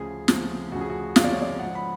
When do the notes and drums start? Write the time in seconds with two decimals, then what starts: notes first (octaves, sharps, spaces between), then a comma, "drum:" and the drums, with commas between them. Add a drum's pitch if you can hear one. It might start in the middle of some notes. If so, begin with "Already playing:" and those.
Already playing: D2 C#3 F3 G#4
0.28 D2 C#3 F3, drum: snare
0.72 D2 C#3 F3 F#4
0.81 G#4
0.89 F#4
1.16 D2 C#3 F3 F5, drum: snare
1.24 D5
1.32 C#5
1.42 D5
1.59 G#2 F3 F#5
1.75 B5